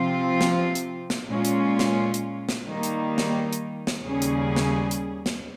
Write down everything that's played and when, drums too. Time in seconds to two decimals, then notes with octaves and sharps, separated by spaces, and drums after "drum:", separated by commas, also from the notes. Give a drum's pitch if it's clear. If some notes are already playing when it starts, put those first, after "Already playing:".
Already playing: C3 F3 C4 F4
0.41 drum: snare
0.75 drum: hi-hat
1.10 drum: snare
1.28 A#2 G#3 C#4 F4
1.45 drum: hi-hat
1.79 drum: snare
2.14 drum: hi-hat
2.49 drum: snare
2.66 D#3 G3 A#3 D#4
2.83 drum: hi-hat
3.18 drum: snare
3.53 drum: hi-hat
3.87 drum: snare
4.04 D#2 C#3 G3 C#4 G#4
4.22 drum: hi-hat
4.56 drum: snare
4.91 drum: hi-hat
5.26 drum: snare